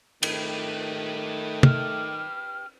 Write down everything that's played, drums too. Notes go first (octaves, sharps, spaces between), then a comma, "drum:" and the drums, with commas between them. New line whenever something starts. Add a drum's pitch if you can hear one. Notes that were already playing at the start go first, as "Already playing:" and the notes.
D#3 A3 G4 B4, drum: cymbal
F6, drum: tom